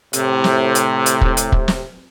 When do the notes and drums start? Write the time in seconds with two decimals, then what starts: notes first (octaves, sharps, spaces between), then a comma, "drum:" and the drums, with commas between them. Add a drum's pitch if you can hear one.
0.13 A2 C3, drum: hi-hat
0.44 drum: snare
0.75 drum: hi-hat
1.06 drum: hi-hat
1.21 drum: kick
1.37 drum: hi-hat
1.52 drum: kick
1.68 drum: snare